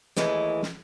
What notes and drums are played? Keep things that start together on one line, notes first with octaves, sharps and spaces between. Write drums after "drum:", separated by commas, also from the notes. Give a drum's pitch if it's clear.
D#2 E3 G#3 A3, drum: snare
drum: snare